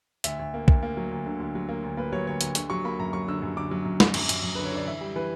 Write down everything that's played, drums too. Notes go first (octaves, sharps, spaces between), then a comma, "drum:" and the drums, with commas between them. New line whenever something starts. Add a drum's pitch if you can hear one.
D2 E5, drum: hi-hat
D2
A#3
D2, drum: kick
A#3
F#3
D2
D3
D2
F#3
A#3
D2
A#3 B4
F#3 C#5
D2 C#5
D2, drum: hi-hat
D3 C#6, drum: hi-hat
F#3 C#6
A#3 B5
F#2 A#5
F#3 C#6
D3 E6
F#2
D3 D6
F#3
F#2
F#2, drum: snare
F#2, drum: cymbal
F#2, drum: hi-hat
F#2
D3 B4
C#5
D3 D5
E3 E5
G3
E3 B4